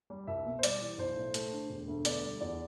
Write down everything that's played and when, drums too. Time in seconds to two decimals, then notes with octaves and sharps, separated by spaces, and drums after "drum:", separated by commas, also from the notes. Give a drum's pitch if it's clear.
0.10 G3
0.27 C2 E5
0.46 B2
0.59 C5
0.63 G3 D5, drum: hi-hat
0.81 E3
0.98 B1 C5
1.17 A2
1.34 A3, drum: hi-hat
1.52 D3
1.70 E1
1.88 D2
2.05 B3 D5, drum: hi-hat
2.23 G3
2.41 E2 D5